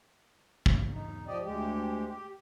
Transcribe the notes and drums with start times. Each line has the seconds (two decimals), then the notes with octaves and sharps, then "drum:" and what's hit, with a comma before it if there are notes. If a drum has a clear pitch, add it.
0.66 drum: kick
0.93 D#4
1.27 F3 G4 D5 D#5
1.44 D2 G#3 G4
2.07 G4